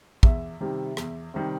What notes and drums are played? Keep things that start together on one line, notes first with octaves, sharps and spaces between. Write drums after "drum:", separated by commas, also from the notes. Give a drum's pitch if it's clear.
E2 E5, drum: kick
C3 D#3 G3
E2, drum: rim click
C3 D#3 G3